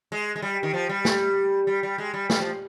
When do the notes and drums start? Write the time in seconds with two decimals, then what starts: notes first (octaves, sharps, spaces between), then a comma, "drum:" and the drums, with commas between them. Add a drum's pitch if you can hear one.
0.12 G#3
0.36 G#3
0.42 G3
0.63 D#3
0.74 F3
0.89 G3
1.05 drum: snare
1.67 G3
1.83 G3
1.98 G#3
2.14 G3
2.30 G3, drum: snare
2.40 F3